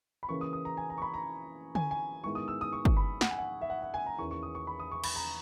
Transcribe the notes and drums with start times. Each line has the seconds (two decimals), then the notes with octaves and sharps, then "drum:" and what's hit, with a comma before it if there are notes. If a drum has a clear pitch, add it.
0.23 B5
0.29 C#3 E3 A#3 C#4 C#6
0.41 D#6
0.53 D#6
0.65 A#5
0.77 G#5
0.90 A#5
0.98 C#6
1.02 B5
1.14 A#5
1.75 G#5, drum: tom D3
1.91 G#5
2.24 G#2 D#3 G#3 B3 E4 C#6
2.35 D#6
2.48 E6
2.61 D#6
2.73 C#6
2.85 drum: kick
2.97 B5
3.21 F#5, drum: snare
3.30 G#5
3.38 F#5
3.61 E5
3.70 F#5
3.82 F#5
3.94 G#5
4.06 A#5
4.18 E2 D#3 A#3 C#4 E4 C#6
4.31 C#6
4.43 D#6
4.55 C#6
4.67 B5
4.79 D#6
4.92 C#6
5.04 B5, drum: cymbal
5.16 A#5